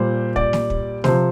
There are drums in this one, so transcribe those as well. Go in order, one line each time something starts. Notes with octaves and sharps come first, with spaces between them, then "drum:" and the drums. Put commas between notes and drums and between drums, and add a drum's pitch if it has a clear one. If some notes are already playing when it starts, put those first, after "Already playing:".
Already playing: A#2 G3 C5
D5, drum: kick
drum: snare
drum: kick
C3 F3 C5, drum: snare